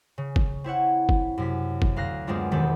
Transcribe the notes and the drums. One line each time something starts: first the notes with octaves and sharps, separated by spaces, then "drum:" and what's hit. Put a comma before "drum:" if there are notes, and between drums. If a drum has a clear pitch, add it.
C#3
drum: kick
C4 E4 C#5 F#5
drum: kick
F#2 C3 B6
drum: kick
D2 F5 F#6 A#6
F#2 G#3 B3 C4 D4 F4
E1 E2 D#3 G4 A4 B5